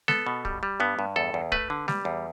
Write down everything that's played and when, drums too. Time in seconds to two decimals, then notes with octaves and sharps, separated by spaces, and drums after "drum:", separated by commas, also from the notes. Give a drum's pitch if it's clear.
0.08 B3 A4, drum: snare G#3
0.27 B2
0.45 G3, drum: kick
0.63 G3
0.80 G2 B3
0.99 G2
1.16 E2 A4
1.34 E2
1.52 A3 B4, drum: kick
1.70 D3
1.88 G3, drum: snare G#3
2.05 E2